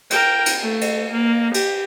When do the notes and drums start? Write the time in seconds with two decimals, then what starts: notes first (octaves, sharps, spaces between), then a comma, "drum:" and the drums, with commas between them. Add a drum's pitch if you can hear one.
0.11 A#4 G5, drum: cymbal
0.46 drum: cymbal
0.62 A3
0.81 drum: cymbal
1.12 A#3
1.54 G4, drum: cymbal